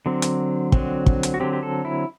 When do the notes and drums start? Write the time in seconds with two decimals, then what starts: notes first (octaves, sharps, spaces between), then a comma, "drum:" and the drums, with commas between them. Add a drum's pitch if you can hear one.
0.06 D3 F#3 C4
0.22 drum: hi-hat
0.72 D3 F#3 C4, drum: kick
1.06 drum: kick
1.23 drum: hi-hat
1.34 F#4
1.40 D3 F#3 C4 G4
1.53 G4
1.63 A4
1.85 E4